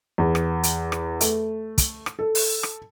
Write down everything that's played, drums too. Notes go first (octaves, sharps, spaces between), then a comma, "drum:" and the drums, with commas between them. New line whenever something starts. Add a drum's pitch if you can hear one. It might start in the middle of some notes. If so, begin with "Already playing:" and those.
E2
drum: rim click
drum: hi-hat
drum: rim click
A3, drum: hi-hat
drum: kick, hi-hat
drum: rim click
A4
drum: open hi-hat
drum: rim click